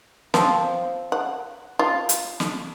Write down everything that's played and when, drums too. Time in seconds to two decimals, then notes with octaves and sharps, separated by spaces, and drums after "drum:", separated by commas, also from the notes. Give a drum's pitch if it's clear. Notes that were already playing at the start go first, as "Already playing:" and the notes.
0.34 F3 C4, drum: snare
1.12 F#5
1.79 F4
2.09 drum: hi-hat
2.40 drum: snare